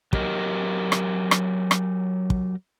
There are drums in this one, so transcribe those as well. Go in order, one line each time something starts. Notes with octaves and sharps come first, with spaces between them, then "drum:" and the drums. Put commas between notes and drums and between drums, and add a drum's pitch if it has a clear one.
F#3 G4 A#4 D#5, drum: kick
drum: rim click
drum: rim click
drum: rim click
drum: kick